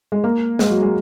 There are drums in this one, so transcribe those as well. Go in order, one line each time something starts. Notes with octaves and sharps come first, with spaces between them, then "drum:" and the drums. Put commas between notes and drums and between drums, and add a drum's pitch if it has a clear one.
G#3
A#3
G#3, drum: snare
F#3
G#3